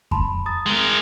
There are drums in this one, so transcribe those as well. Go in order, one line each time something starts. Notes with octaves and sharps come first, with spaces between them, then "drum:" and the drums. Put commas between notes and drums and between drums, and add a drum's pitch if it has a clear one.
A5 B5 C6, drum: kick F2
A#5 D#6 A6
G#3 A#4